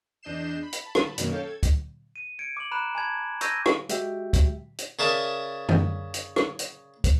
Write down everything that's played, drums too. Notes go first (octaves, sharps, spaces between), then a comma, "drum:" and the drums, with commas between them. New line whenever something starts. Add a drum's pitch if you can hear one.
E2 D4 D#5 G6 C7 E7
B5
drum: hi-hat
A5 B5
drum: rim click
F#2 B2 D#3 F#3 A#3, drum: hi-hat
C#4 A4 C#5 F5 G5 A5
A4 G#6
drum: kick, hi-hat
D#7
G#6 C#7 D7
D6 F#7
A#5 B5 F#6 E7
G#5 A5 B5 G#6 F#7
C#6 E6 G6 G#6 A#6 D#7, drum: hi-hat
drum: rim click
G#3 F#4 G4 E5 G5, drum: hi-hat
drum: kick, hi-hat
drum: hi-hat
C#3 A#4 D5 E5 A5 D#6
drum: tom F#2
drum: hi-hat
drum: rim click
drum: hi-hat
drum: kick, hi-hat